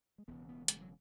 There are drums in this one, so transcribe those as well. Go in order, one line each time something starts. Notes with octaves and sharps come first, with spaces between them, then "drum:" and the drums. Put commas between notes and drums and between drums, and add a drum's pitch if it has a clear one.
G#3
E1 E2 C#3 B3
B3
G#3, drum: hi-hat
F#3